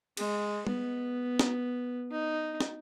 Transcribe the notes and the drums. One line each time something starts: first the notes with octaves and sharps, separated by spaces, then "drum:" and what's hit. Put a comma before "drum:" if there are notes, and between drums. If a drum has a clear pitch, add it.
G#3, drum: cymbal
B3, drum: tom
drum: snare
D#4
drum: snare